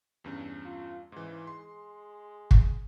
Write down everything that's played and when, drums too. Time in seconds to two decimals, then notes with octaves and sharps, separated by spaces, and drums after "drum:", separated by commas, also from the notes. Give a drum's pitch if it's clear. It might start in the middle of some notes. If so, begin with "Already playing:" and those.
0.24 E2 G2 C#4
0.65 F4
1.12 G#2 C#3 E3
1.47 G#3 C6
2.51 drum: kick